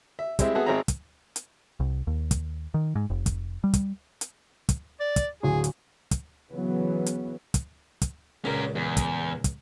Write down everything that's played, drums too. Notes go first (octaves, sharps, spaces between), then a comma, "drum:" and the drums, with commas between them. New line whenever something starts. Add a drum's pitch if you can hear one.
E5
G3 G#3 C4 E4, drum: kick, hi-hat
B3 F#4 G#4 A4 E5
G#1 G#3 C4 G#4 E5 A#5
drum: kick, hi-hat
drum: hi-hat
C2
D#2
drum: kick, hi-hat
D#3
G#2
F1
drum: kick, hi-hat
G3
drum: kick, hi-hat
drum: hi-hat
drum: kick, hi-hat
D5
drum: kick, hi-hat
D1 G#4
drum: hi-hat
drum: kick, hi-hat
C#3 E3 F#3 B3
drum: hi-hat
drum: kick, hi-hat
drum: kick, hi-hat
C#2 A#2 C#4 A#4
E2
drum: kick, hi-hat
drum: kick, hi-hat